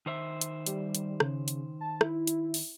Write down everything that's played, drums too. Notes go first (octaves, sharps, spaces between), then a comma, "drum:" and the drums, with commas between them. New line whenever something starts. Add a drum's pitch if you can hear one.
D#3 C5 E5
drum: hi-hat
G3, drum: hi-hat
drum: hi-hat
C#3, drum: rim click
drum: hi-hat
A5
E4, drum: rim click
drum: hi-hat
drum: open hi-hat